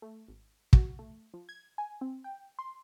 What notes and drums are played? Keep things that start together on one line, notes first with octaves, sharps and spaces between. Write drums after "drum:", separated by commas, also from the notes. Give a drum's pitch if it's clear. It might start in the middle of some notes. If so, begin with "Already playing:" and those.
A3
G#1
F#4, drum: kick
A3
F3
G#6
G#5
C4
G5
C6